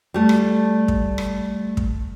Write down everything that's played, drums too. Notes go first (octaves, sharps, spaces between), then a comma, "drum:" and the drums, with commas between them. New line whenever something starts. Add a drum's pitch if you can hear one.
G3 A3
drum: rim click
drum: kick
drum: rim click
drum: kick